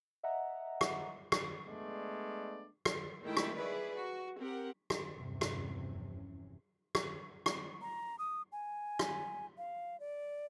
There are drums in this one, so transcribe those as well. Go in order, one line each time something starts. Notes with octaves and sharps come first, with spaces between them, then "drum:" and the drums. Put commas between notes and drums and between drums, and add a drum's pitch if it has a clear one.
D#5 E5 F#5 A#5
drum: rim click
drum: rim click
G#3 A3 B3 D4 D5
drum: rim click
D#3 G#3 A3 E4 G5
drum: rim click
E4 G#4 B4 D5
F#4
C4 G4 A#4 F#5
drum: rim click
F1 E2 G2 C3 E3 C#4
drum: rim click
drum: rim click
drum: rim click
A#5
D#6
G#5
drum: rim click
F5
D5